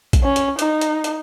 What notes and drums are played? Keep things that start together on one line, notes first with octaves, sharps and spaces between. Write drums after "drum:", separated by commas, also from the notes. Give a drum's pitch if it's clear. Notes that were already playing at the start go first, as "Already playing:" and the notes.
drum: kick A#1, hi-hat
C#4
drum: hi-hat
D#4, drum: hi-hat
drum: hi-hat
drum: hi-hat